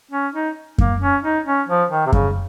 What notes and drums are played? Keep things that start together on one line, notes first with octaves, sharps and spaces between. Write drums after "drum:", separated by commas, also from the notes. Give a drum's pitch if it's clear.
C#4
D#4
A#3, drum: kick F#2
C#4
D#4
C#4
F3
D#3
C3
C#3, drum: kick F#2